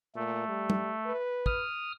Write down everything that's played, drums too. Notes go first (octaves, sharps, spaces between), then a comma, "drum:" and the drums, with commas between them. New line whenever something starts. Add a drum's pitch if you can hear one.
A#2 A3
G3
drum: tom G3
B4
D#6 F6, drum: kick